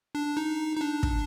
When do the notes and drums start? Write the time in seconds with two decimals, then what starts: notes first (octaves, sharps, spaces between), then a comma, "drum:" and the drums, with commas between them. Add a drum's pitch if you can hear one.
0.15 D4
0.37 D#4
0.77 D#4
0.81 D4
1.03 drum: kick